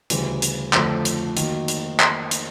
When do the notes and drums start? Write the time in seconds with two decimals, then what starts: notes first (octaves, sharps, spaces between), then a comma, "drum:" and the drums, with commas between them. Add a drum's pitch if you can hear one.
0.10 D2 C#3 E3 G3, drum: hi-hat
0.42 drum: hi-hat
0.73 F2 D3 F3 A3, drum: clap
1.05 drum: hi-hat
1.37 D#3 F#3 A#3, drum: hi-hat
1.68 drum: hi-hat
2.00 drum: clap
2.31 drum: hi-hat